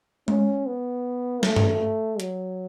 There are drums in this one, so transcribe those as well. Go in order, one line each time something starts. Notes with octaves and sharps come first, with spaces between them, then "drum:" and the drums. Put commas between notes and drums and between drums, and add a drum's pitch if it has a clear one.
C#4, drum: tom G#3
B3
A3, drum: snare
drum: tom G2
F#3, drum: hi-hat